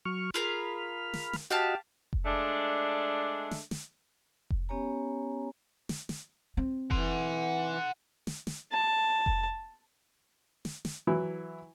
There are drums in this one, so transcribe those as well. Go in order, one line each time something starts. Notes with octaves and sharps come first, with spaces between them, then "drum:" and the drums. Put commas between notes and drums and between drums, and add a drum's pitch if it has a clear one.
F#3 C#6 F6
F4 G#4 A#4 B5 F6
drum: snare
drum: snare
F#4 G4 D#5 F5 F#5 A5
drum: kick F1
G#3 A3 D4
drum: snare
drum: snare
drum: kick F1
B3 C#4 G4 C#5 G#5 A#5
drum: snare
drum: snare
C4
E3 F#5 C6, drum: kick F1
drum: snare
drum: snare
A5
drum: kick F1
drum: snare
drum: snare
E3 F#3 E4